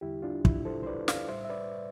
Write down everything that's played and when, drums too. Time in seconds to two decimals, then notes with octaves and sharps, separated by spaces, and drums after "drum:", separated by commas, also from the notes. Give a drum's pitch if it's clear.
0.01 E2 D3 G3 E4 G4
0.22 D4 F4
0.45 E4, drum: kick
0.65 A4 C5
0.83 C5
0.87 B4 D5
1.08 D5 F5, drum: snare
1.28 A2 G3 C5 E5
1.45 E5
1.50 B4 D5